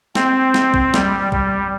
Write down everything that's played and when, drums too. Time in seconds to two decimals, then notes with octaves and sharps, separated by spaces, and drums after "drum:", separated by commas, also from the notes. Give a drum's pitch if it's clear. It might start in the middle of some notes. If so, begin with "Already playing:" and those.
0.15 C4, drum: snare
0.54 drum: snare
0.74 drum: kick A#1
0.94 G3, drum: snare
1.32 G3, drum: kick A#1